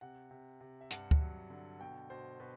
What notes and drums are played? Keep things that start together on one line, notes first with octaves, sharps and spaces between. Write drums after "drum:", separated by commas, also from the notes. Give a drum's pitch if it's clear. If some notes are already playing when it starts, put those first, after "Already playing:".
C3 F#5
C3
C3
E5
G2 F#5, drum: hi-hat
drum: kick D2
F#3
D3
B2 G5
B2 C5
B2 B4